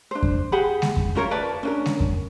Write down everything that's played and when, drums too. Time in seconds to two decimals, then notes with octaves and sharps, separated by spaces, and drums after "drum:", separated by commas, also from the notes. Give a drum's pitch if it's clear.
0.11 D4 C5
0.23 drum: kick F2
0.52 G4 G#4 F#5 B5
0.82 drum: snare G#3
0.97 drum: kick F2
1.15 C#4 F4 A#4 C#5
1.31 A#4 B4 D5 A5
1.63 C#4 D4 A#4
1.86 drum: snare G#3
2.00 drum: kick F2